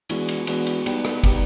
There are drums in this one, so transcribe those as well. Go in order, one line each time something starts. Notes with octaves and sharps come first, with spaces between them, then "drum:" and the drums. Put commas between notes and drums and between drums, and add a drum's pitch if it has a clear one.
E3 G#3 B3 D4 F#4, drum: cymbal
drum: cymbal
E3 G#3 B3 D4 F#4, drum: cymbal
drum: cymbal
G3 B3 D#4 G4, drum: cymbal
drum: rim click
G3 B3 D#4 G4, drum: kick, cymbal